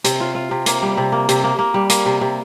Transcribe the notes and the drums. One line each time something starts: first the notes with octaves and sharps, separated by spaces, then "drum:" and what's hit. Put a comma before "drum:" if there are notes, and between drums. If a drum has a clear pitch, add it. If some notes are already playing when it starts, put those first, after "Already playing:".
C3, drum: hi-hat
F4
F4
C3
A#3, drum: hi-hat
G3
C3
A#3
C3, drum: hi-hat
A#3
A#3
G3
A#3, drum: hi-hat
C3
C3